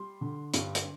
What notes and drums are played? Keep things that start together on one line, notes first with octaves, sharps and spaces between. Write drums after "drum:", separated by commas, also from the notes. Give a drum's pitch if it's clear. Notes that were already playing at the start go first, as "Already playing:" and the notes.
Already playing: G3 C6
D3
G2, drum: hi-hat
drum: hi-hat